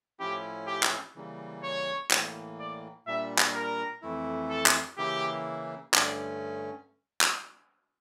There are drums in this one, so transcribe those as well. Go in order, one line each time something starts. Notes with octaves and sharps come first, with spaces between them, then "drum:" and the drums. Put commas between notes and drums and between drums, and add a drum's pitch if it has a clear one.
A2 F3 C#4 E4 G4
G4
drum: clap
C#3 E3 G3 A#3
C#5
A2 E3 A#3, drum: clap
D5
A#2 G3 D4 E5
drum: clap
A#4
F2 E3 A3 E4
A4
drum: clap
C#3 E3 A#3 E4 G4
G2 D3 A3 C#4 D5, drum: clap
drum: clap